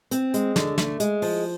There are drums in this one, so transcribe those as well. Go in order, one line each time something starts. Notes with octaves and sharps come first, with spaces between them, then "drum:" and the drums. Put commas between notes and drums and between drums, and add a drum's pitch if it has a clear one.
C4, drum: hi-hat
G#3, drum: hi-hat
D3, drum: snare
A3, drum: snare
G#3, drum: hi-hat
F3, drum: open hi-hat